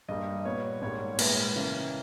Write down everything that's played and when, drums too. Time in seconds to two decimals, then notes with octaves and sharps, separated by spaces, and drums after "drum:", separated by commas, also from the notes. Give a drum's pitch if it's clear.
0.08 G2 G3 A#3 D#5
0.45 A#2 G3 B3 C#5
0.82 G#2 G3 A#3 C#5
1.15 C#5
1.19 A#2 G#3 B3 B4, drum: cymbal
1.56 C#3 E3 A#3